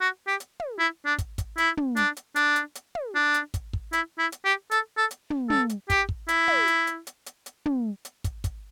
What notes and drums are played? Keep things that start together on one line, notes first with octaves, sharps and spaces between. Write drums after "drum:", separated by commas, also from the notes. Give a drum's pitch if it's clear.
F#4
G4
drum: hi-hat
drum: tom
E4
D4
drum: kick, hi-hat
drum: kick, hi-hat
E4, drum: hi-hat
drum: tom
D4, drum: hi-hat
drum: hi-hat
D4, drum: hi-hat
drum: hi-hat
drum: hi-hat
drum: tom
D4
drum: hi-hat
drum: kick, hi-hat
drum: kick
E4, drum: hi-hat
E4
drum: hi-hat
G4
A4, drum: hi-hat
A4
drum: hi-hat
drum: tom
A4, drum: tom
drum: hi-hat
G4, drum: kick, hi-hat
drum: kick
E4, drum: hi-hat
drum: tom
drum: hi-hat
drum: hi-hat
drum: hi-hat
drum: hi-hat
drum: hi-hat
drum: tom
drum: hi-hat
drum: kick, hi-hat
drum: kick, hi-hat